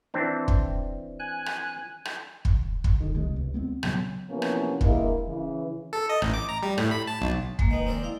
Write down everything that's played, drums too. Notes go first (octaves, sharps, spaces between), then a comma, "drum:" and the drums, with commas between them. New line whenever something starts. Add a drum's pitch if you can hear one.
E3 C4 D4
drum: kick
G#5 F#6
drum: rim click
drum: rim click
drum: kick
drum: kick
D3 D#3
C2 C3 G#3
C#2
G#3 B3 C4
A#2 C#3 F#3 B3, drum: rim click
C3 E3 F3 A#3 B3 C#4
drum: rim click
G2 G#3 A#3 E4, drum: kick
C#3 E3
A4
D#5
A1, drum: rim click
D6
A#5
G3
A2, drum: rim click
B5
A5
B1
G#3 A#3, drum: kick
D#3 B3
C4 A#4 D5
E4 F5